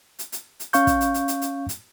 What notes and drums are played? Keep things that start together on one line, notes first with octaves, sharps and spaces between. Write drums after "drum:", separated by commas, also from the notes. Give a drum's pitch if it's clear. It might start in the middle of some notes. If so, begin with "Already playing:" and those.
drum: hi-hat
drum: hi-hat
drum: hi-hat
C#4 F5 C#6 G6, drum: hi-hat
drum: kick, hi-hat
drum: hi-hat
drum: hi-hat
drum: hi-hat
drum: hi-hat
drum: hi-hat